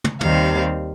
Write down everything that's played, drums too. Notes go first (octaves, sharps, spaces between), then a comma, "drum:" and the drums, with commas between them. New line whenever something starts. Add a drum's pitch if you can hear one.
drum: tom
D#2 D#3 G3 C4 F5, drum: tom